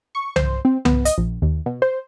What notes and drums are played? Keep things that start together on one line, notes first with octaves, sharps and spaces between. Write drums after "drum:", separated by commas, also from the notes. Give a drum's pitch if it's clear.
C#6
C5, drum: tom C2
C4
B3, drum: tom C2
D#5, drum: hi-hat
A#1
D#2
B2
C5